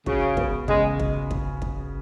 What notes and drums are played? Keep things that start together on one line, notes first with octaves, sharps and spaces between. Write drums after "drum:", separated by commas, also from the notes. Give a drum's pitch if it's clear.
C#3 F#4, drum: kick
B3, drum: kick
C#3 G#3, drum: kick
drum: kick
drum: kick
drum: kick